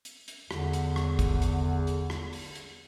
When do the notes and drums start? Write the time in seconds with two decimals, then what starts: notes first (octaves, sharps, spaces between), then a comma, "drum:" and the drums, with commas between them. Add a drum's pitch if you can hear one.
0.05 drum: hi-hat
0.28 drum: hi-hat
0.51 E2 D3, drum: rim click
0.73 drum: hi-hat
0.96 drum: rim click
1.19 drum: kick, hi-hat
1.42 drum: hi-hat
1.87 drum: hi-hat
2.10 drum: rim click
2.33 drum: open hi-hat
2.55 drum: hi-hat